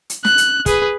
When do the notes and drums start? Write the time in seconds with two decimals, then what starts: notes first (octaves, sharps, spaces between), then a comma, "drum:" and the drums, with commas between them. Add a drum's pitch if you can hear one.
0.10 drum: hi-hat
0.25 F#6, drum: snare
0.38 drum: hi-hat
0.66 G#4 B4, drum: kick, hi-hat